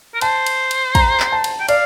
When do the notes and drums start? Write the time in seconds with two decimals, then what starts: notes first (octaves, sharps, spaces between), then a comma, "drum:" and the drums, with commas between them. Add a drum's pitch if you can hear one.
0.15 A#4
0.21 C5 A5, drum: cymbal
0.46 drum: cymbal
0.71 drum: cymbal
0.95 A#5, drum: kick, cymbal
1.20 drum: clap
1.32 A5
1.44 drum: cymbal
1.60 G5
1.68 D5 F5, drum: cymbal